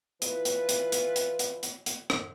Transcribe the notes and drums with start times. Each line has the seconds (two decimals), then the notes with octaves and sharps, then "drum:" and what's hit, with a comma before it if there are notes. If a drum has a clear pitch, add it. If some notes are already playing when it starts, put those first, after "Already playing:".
0.22 E3 E4 F4 B4, drum: hi-hat
0.45 drum: hi-hat
0.69 drum: hi-hat
0.92 drum: hi-hat
1.16 drum: hi-hat
1.39 drum: hi-hat
1.63 drum: hi-hat
1.86 drum: hi-hat
2.10 drum: rim click